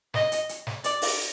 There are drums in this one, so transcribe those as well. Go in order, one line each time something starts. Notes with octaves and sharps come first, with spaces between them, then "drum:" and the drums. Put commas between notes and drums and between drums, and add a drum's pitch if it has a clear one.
D#5, drum: snare
drum: hi-hat
drum: hi-hat
drum: snare
D5, drum: hi-hat
drum: open hi-hat